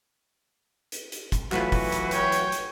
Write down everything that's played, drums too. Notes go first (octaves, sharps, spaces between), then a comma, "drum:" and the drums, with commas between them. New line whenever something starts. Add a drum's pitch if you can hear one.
drum: hi-hat
drum: hi-hat
drum: kick, hi-hat
E3 F#3 A3 F4 F#4 B4, drum: clap
drum: kick, open hi-hat
drum: hi-hat
C#5 G5, drum: hi-hat
drum: hi-hat
drum: hi-hat